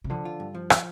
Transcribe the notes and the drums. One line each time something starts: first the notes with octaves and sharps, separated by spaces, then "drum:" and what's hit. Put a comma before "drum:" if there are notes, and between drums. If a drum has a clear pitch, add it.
C3
D3 F3
F4
G2
F3
F4, drum: rim click